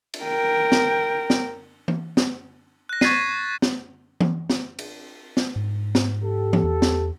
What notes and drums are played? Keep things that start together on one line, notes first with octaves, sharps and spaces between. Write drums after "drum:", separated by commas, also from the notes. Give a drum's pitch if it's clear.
drum: cymbal
A#4 G5
drum: snare
drum: snare
drum: tom E3
drum: snare
F#6 A#6
C#6 G#6 A6 B6 C7 D#7, drum: snare
drum: snare
drum: tom E3
drum: snare
drum: cymbal
drum: snare
G#2
drum: snare
G4 A4
drum: tom E3
E2
drum: snare